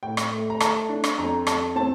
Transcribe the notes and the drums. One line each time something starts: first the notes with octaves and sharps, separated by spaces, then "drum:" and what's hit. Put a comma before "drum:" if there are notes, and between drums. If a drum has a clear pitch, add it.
A2 G5
drum: rim click
A3
A#5
A3 A5, drum: rim click
D4
drum: rim click
F2 A#5
F2 A5, drum: rim click
C4 A5